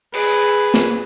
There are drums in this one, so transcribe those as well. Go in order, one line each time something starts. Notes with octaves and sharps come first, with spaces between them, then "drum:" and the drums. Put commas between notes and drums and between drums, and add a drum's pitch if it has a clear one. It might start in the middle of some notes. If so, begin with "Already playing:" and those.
G#4 B4, drum: cymbal
drum: snare